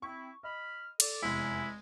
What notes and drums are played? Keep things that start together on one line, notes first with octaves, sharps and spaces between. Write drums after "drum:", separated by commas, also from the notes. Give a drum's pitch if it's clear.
C4 E4 C#6
D#5 B5 F6
A4 D5, drum: cymbal
F1 E2 G#3 E4